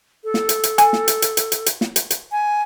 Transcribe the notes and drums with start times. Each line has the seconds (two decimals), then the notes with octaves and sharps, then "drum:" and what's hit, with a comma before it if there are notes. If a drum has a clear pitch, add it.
0.24 A4
0.34 drum: snare
0.49 drum: hi-hat
0.63 drum: hi-hat
0.78 G#5, drum: hi-hat
0.93 drum: snare
1.08 drum: hi-hat
1.22 drum: hi-hat
1.37 drum: hi-hat
1.52 drum: hi-hat
1.66 drum: hi-hat
1.81 drum: snare
1.96 drum: hi-hat
2.10 drum: hi-hat
2.32 G#5